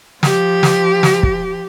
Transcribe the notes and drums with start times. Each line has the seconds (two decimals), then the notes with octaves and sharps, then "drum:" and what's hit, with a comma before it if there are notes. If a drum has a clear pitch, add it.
0.23 F3 G4, drum: snare
0.63 drum: snare
1.03 drum: snare
1.23 drum: kick